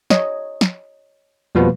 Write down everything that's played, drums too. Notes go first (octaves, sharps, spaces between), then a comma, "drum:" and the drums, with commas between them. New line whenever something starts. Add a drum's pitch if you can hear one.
C#5 D#5, drum: snare
drum: snare
F2 B2 F3 G3 A#3 F4 F#4 B4